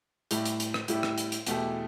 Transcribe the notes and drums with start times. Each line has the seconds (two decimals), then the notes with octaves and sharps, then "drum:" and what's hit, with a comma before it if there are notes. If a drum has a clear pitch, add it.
0.31 A2 G3 E4 G4, drum: hi-hat
0.45 drum: hi-hat
0.60 drum: hi-hat
0.74 drum: rim click
0.88 A2 G3 E4 G4, drum: hi-hat
1.03 drum: rim click
1.18 drum: hi-hat
1.32 drum: hi-hat
1.47 E2 B2 A3 E4 G4, drum: hi-hat